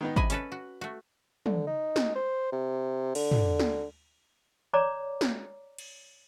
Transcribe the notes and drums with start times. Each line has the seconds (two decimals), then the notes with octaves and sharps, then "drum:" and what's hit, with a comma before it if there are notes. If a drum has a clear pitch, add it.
0.01 D#3 B3 D#4
0.16 C3 D#5 G#5 B5, drum: kick
0.30 C#4 A4 B4, drum: hi-hat
0.52 F#4
0.81 A3 F#4
1.46 D3, drum: tom
1.67 D#4
1.96 drum: snare
2.16 C5
2.52 C3
3.15 D3, drum: cymbal
3.31 drum: tom
3.59 drum: snare
4.73 C#5 D5 A#5 D6
5.21 drum: snare
5.78 drum: cymbal